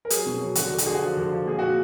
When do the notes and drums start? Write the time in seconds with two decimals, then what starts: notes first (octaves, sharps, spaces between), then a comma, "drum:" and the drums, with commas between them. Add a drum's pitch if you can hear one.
0.05 A#4
0.10 F#3 G#4, drum: hi-hat
0.26 B2
0.40 F#3
0.55 D3 F#4, drum: hi-hat
0.71 D3
0.78 F#4, drum: hi-hat
0.86 D3 G#4
0.95 F#4
1.02 F3
1.17 D3
1.32 F3
1.46 A#2 G#4
1.59 A#2 F#4